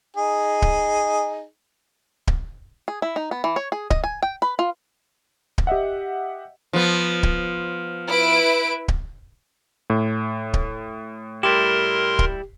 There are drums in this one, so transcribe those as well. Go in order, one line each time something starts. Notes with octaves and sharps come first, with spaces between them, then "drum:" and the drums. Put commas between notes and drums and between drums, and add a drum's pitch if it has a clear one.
D#4 G#4
drum: kick D1
drum: kick D1
G#4
E4
D#4
B3
E3
C#5
G#4
D#5, drum: kick D1
G#5
G5
B4
F4
drum: kick D1
G4 D#5 E5 F#5
F3 B3
drum: kick D1
E4 B4 D7
drum: kick D1
A2
drum: kick D1
G3 E4 G4 A#4 C6
drum: kick D1